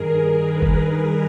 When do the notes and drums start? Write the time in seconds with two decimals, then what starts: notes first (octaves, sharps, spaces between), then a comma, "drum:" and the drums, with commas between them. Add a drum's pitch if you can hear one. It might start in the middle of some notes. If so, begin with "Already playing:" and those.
Already playing: G2 D#3 G#4 A#4
0.40 B4
0.62 drum: kick